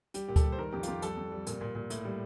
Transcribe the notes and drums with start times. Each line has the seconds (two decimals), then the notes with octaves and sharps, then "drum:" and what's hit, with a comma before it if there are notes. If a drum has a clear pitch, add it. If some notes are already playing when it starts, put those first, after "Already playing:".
0.14 G3 G4, drum: hi-hat
0.28 A#2 G4
0.36 A4, drum: kick D2, hi-hat
0.43 G3
0.52 C5
0.58 D#3 A#4
0.73 F2 G4
0.83 F4, drum: hi-hat
0.88 F2 G4
1.02 G3 A4, drum: hi-hat
1.17 F2
1.32 G3
1.47 A#2, drum: hi-hat
1.61 A#2
1.75 A#2
1.90 A2, drum: hi-hat
2.05 G3